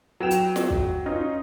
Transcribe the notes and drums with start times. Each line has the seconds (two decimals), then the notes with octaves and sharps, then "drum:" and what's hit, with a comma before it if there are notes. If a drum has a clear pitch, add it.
0.20 F#3 G5 E7 F7
0.31 drum: hi-hat
0.56 drum: snare
0.70 drum: kick
1.06 C#4 D#4 F4